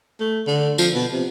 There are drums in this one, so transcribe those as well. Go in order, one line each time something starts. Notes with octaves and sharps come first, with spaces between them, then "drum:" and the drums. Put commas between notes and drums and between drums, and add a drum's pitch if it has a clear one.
A3
D3
F3, drum: tambourine
B2
C3